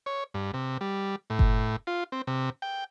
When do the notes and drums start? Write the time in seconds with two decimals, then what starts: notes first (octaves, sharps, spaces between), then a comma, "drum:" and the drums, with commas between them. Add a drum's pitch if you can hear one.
0.06 C#5
0.34 G2
0.54 C3
0.81 G3
1.30 A2
1.39 drum: kick F#1
1.87 F4
2.12 C4
2.27 C3
2.62 G5